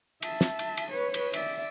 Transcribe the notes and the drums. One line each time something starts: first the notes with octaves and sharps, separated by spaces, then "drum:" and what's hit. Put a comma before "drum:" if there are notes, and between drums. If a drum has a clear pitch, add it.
E5 A5, drum: cymbal
drum: snare
drum: cymbal
drum: cymbal
B4 C#5
drum: cymbal
D5 E5, drum: cymbal